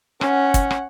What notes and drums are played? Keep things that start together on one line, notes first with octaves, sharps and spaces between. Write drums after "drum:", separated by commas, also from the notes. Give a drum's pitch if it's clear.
C#4 F#5, drum: rim click
drum: kick, hi-hat
drum: rim click